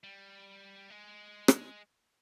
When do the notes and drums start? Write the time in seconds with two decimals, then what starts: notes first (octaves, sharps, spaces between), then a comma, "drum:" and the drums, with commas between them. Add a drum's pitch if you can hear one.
0.03 G3
0.90 G#3
1.48 drum: rim click